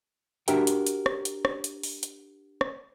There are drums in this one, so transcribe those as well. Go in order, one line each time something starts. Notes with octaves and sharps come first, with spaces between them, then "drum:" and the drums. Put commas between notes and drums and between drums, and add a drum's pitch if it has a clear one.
D4 F#4 G4 A#4 E5 G5, drum: hi-hat
drum: hi-hat
drum: hi-hat
drum: rim click
drum: hi-hat
drum: rim click
drum: hi-hat
drum: open hi-hat
drum: hi-hat
drum: rim click